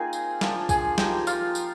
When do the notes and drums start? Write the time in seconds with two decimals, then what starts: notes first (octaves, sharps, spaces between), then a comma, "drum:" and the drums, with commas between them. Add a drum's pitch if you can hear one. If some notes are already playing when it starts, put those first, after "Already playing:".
Already playing: A#3 C4 D#4 F4 G#4 G#5
0.13 drum: tambourine
0.41 F3 A#3 D4, drum: snare
0.69 G#4 G#5, drum: kick B1, tambourine
0.98 F3 G#3 D#4 G4 G5, drum: snare
1.27 F4 F5, drum: tambourine
1.55 drum: tambourine